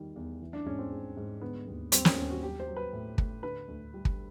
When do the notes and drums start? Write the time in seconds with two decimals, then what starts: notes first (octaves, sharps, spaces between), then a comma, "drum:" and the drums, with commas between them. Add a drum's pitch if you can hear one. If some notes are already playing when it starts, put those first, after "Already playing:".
Already playing: D#3 G3
0.16 E2
0.41 E3
0.53 D4
0.66 G#2 C#4
0.79 C4
0.92 G#3
1.17 G#2
1.41 D3 B3
1.67 D#2
1.92 G3 C4, drum: hi-hat
2.05 C#4, drum: snare
2.17 D#2 C#4
2.30 F#4
2.43 F#3 G4
2.60 C5
2.67 F#3
2.76 B4
2.93 A2
3.18 A2, drum: kick
3.43 D3 B4
3.68 D2
3.94 G3
4.05 drum: kick